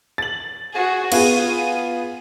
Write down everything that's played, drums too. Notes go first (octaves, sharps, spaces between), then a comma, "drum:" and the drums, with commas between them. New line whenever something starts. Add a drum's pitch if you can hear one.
A6 F#7
F#4 G#4
B3 F4 G#4 D#7, drum: cymbal